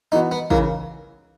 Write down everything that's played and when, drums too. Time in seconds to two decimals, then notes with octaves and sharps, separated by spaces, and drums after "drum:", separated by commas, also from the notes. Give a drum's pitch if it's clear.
0.12 E3 B3 D#4 F#4
0.31 B3
0.50 C#3 E3 A#3, drum: kick